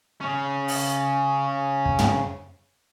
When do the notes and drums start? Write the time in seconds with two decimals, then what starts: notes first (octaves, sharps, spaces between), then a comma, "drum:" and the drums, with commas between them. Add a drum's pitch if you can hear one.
0.21 C#3 C#4
0.68 drum: open hi-hat
1.85 drum: kick
1.99 drum: tom